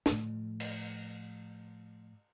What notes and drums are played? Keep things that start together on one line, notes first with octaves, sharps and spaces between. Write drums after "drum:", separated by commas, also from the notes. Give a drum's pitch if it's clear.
A2 F3, drum: snare
drum: cymbal